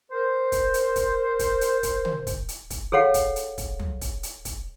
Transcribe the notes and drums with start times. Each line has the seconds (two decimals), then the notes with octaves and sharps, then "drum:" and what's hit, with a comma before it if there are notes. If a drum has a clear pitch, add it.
0.11 A#4 C5
0.52 drum: kick, hi-hat
0.74 drum: hi-hat
0.96 drum: kick, hi-hat
1.39 drum: kick, hi-hat
1.61 drum: hi-hat
1.83 drum: kick, hi-hat
2.05 drum: tom
2.27 drum: kick, hi-hat
2.48 drum: hi-hat
2.70 drum: kick, hi-hat
2.92 G#4 A4 C#5 F5 F#5
3.14 drum: kick, hi-hat
3.36 drum: hi-hat
3.58 drum: kick, hi-hat
3.80 drum: tom
4.01 drum: kick, hi-hat
4.23 drum: hi-hat
4.45 drum: kick, hi-hat